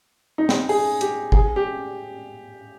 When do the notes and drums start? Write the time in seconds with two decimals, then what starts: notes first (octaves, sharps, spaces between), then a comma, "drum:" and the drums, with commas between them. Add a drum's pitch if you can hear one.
0.38 D#4
0.49 drum: snare
0.69 G#4, drum: open hi-hat
1.01 G4, drum: hi-hat
1.32 G#4, drum: kick
1.56 G4